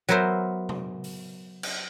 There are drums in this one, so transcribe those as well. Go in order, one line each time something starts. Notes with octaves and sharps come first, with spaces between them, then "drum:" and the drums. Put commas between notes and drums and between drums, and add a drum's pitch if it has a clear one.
F#3 B3 A#4 C5 E5
drum: tom C3
drum: open hi-hat
drum: cymbal